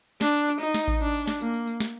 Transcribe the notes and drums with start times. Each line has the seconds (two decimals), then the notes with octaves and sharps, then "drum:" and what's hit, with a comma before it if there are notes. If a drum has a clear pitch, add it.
0.21 D4, drum: snare
0.35 drum: tambourine
0.48 drum: tambourine
0.61 D#4
0.74 drum: snare
0.88 drum: kick A1, tambourine
1.01 D4, drum: tambourine
1.14 drum: tambourine
1.27 drum: snare
1.41 A#3, drum: tambourine
1.54 drum: tambourine
1.67 drum: tambourine
1.80 drum: snare